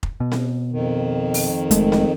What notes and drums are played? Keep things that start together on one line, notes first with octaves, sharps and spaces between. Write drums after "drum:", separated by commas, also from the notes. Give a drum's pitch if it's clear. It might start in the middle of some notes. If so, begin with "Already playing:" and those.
drum: kick F1
B2
drum: snare C4
F2 D#3
drum: open hi-hat
F1 G#3 A3, drum: hi-hat
drum: snare C4